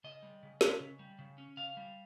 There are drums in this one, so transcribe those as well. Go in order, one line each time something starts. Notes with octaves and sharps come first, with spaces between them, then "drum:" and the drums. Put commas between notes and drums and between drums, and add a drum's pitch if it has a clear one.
C#3 D#5
G3
C#3
C#4, drum: snare
C#3
G3
C#3
C#4
C#3 F5
G3